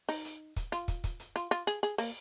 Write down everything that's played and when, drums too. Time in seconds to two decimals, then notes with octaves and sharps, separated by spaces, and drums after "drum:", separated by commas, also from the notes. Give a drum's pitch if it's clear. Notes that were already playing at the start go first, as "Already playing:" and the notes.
0.09 D#4, drum: open hi-hat
0.25 drum: hi-hat
0.56 drum: kick, hi-hat
0.72 F4, drum: hi-hat
0.88 drum: kick, hi-hat
1.04 drum: kick, hi-hat
1.20 drum: hi-hat
1.36 F4, drum: hi-hat
1.51 F4, drum: hi-hat
1.67 G#4, drum: hi-hat
1.83 G#4, drum: hi-hat
1.98 A#3, drum: open hi-hat